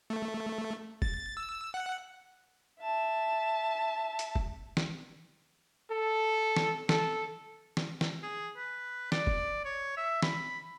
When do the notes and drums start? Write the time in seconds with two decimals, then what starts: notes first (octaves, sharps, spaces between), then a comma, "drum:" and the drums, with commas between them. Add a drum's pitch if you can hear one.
0.10 A3
1.02 A6, drum: kick
1.37 E6
1.74 F#5
2.82 E5 A5
4.19 drum: hi-hat
4.36 drum: kick
4.77 drum: snare
5.90 A4
6.57 drum: snare
6.89 A4, drum: snare
7.77 drum: snare
8.01 drum: snare
8.23 G#4
8.57 B4
9.12 D5, drum: snare
9.27 drum: kick
9.65 C#5
9.97 E5
10.22 B5, drum: snare